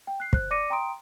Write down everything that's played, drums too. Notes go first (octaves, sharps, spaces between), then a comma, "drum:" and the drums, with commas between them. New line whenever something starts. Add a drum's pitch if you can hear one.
G5
F#6 C7
C5 F#6, drum: kick
D5 D6 A#6 C#7 D#7
G5 A#5 C6 D#6 D7